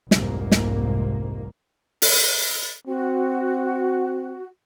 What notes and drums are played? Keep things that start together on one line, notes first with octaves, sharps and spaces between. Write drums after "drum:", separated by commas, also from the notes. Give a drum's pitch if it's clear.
F1 C2 G#2 A#3, drum: snare
drum: snare
drum: open hi-hat
C4 F#4